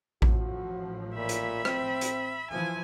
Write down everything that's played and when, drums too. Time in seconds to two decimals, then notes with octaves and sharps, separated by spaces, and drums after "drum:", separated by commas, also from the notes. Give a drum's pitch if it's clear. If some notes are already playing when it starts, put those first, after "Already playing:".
0.22 A1 A2 F3 F#4, drum: kick A1
1.16 A#2 E5 B5
1.29 drum: hi-hat
1.65 C4, drum: rim click
2.01 drum: hi-hat
2.50 E3 F3 E4 G#5